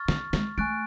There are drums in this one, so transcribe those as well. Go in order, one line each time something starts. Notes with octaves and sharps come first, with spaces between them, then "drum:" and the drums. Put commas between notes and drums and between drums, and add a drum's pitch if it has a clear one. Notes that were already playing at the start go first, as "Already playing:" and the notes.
Already playing: C#6 F6 A6
D3, drum: snare
G#3, drum: snare
A3 G#5 C#6 F#6 A6 D7